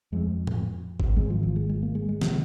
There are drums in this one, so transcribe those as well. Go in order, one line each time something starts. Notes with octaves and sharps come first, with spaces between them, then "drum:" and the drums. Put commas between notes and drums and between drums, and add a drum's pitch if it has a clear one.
F2 F3 G#3 C4
drum: tom A2
drum: kick G#1
G#1 G#2 D#3 G#3 C4
F3
F3
G#3
G#3
A#3
G#3
G#3
C3 D#3 F3 G#3, drum: snare